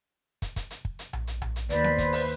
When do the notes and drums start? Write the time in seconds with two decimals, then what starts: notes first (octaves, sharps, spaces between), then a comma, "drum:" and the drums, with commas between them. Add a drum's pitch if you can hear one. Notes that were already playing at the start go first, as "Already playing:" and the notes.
0.42 drum: kick, hi-hat
0.56 drum: kick, hi-hat
0.70 drum: hi-hat
0.85 drum: kick
0.99 drum: hi-hat
1.13 drum: tom A#1
1.27 drum: hi-hat
1.42 drum: tom A#1
1.56 drum: hi-hat
1.70 D#2 B4 C5 D5, drum: hi-hat
1.84 drum: snare B3
1.98 drum: kick, hi-hat
2.13 drum: open hi-hat